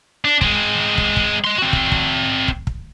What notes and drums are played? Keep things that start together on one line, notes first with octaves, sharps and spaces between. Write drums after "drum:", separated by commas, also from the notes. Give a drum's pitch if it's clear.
D4
G#3 C4, drum: kick
drum: kick
drum: kick
D#5 C6
C4 F#4
drum: kick
drum: kick
drum: kick
drum: kick